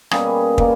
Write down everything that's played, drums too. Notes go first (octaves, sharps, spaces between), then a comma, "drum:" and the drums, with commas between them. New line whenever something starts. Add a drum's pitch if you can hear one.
B2 G3 A#3 C#4 G#4, drum: rim click
B2 G3 A#3, drum: kick